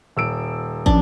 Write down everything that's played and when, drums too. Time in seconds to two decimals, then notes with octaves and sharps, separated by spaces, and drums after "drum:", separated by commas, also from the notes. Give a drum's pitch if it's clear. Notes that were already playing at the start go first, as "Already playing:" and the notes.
0.16 D#1 E6 D7
0.86 F3 C#4 D4, drum: kick